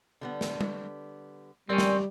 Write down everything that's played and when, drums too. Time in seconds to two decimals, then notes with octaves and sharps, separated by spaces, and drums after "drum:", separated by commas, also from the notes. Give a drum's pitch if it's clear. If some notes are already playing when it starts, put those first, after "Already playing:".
0.21 D3 G3 B3
0.41 drum: snare
0.61 drum: tom G3
1.69 G3 C4 C#4 A#4 D5 G#5
1.78 drum: snare